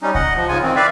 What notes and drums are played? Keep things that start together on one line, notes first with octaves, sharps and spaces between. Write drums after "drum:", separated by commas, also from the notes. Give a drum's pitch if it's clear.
G3 C#4 D#4
D#5 F#5, drum: kick C2
F3
G#2 C#3 F4 G#5
D#3 E3 C4
B4 D5 E5 F5